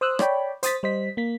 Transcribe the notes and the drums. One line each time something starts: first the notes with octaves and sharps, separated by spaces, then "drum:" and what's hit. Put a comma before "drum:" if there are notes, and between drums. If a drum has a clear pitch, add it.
C5 D#6 E6 F#6
C#5 D5 G5 B5, drum: rim click
C5 D#6 A6 B6, drum: hi-hat
G3 C5 D#5 B6
A#3 B6